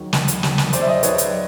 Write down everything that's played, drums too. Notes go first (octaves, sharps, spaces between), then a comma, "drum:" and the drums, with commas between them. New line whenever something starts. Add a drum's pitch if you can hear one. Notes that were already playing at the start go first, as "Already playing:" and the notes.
Already playing: D#2 D#3 F#3
D#2, drum: snare
drum: hi-hat
D#3 F#3, drum: snare
drum: snare
D#2 C5 D5, drum: hi-hat
E5
D#5
D5
D#3 F#3 B4 C#5, drum: hi-hat
drum: hi-hat